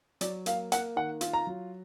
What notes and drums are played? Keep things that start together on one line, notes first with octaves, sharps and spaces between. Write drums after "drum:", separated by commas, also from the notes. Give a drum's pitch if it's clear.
F#3 D5, drum: hi-hat
A#3 F5, drum: hi-hat
A#3 F#5, drum: hi-hat
D#3 F#5
F4, drum: hi-hat
A#5
F#3